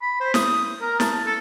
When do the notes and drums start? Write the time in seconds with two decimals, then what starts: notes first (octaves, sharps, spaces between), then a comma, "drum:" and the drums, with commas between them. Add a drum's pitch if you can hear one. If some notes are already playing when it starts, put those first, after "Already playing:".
0.02 B5
0.20 C5
0.34 D#6, drum: snare
0.81 A#4
1.00 A5, drum: snare
1.26 A4